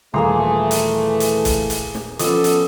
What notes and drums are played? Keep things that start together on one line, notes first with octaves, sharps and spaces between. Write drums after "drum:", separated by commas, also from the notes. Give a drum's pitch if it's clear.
D#1 E3 A3 A#3 G#4 A#5 C6
drum: hi-hat
drum: hi-hat
drum: kick, hi-hat
drum: hi-hat
drum: snare
F3 B3 C#4 A4 D#5 D6 E6, drum: hi-hat
drum: hi-hat